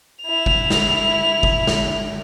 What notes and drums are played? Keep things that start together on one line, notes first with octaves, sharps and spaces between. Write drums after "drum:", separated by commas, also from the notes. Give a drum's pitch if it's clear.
E4 F7
drum: kick
drum: snare
drum: kick
drum: snare